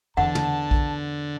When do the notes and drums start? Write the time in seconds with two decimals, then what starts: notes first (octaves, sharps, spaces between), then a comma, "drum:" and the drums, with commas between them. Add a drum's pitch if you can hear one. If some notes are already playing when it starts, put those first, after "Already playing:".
0.17 E2 D3 F#5 A5
0.35 drum: tom
0.71 drum: kick A#1